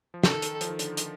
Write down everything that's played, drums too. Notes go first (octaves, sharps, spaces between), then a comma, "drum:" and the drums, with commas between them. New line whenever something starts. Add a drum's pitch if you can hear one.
F3
D#3 A4, drum: snare
drum: hi-hat
F3, drum: hi-hat
D#3
D3, drum: hi-hat
drum: hi-hat